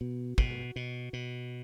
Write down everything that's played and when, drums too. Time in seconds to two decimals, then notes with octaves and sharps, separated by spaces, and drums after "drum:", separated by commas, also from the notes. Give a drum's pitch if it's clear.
0.01 B2
0.38 B2, drum: kick
0.76 B2
1.13 B2